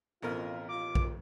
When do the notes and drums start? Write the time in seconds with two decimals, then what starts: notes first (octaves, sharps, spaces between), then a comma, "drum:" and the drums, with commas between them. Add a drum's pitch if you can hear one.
0.23 A1 F2 B2 C4 F4 A#4
0.69 D#2 F4 D6
0.95 drum: kick A#1